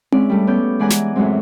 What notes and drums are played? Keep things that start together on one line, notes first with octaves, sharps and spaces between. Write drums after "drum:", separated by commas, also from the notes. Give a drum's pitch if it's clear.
G#3 C#4 E4 D5, drum: tom C4
G3 A3
B3 C#4 A4 D6 G6
E3 G#3 D5 F#5 G#5 A#5
drum: snare
F#2 A2 E3 F#3 G#3 C4